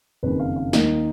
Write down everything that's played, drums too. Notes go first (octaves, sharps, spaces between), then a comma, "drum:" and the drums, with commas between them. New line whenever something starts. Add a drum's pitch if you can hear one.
F#1 F2 D#3 B4
F5
F5
D#2 D#3 A#3 D#4 D#5, drum: snare